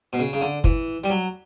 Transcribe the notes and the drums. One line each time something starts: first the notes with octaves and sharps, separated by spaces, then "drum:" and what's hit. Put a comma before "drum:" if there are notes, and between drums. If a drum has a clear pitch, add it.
B2
C#3
C#3
D3
E3, drum: kick
G3
F#3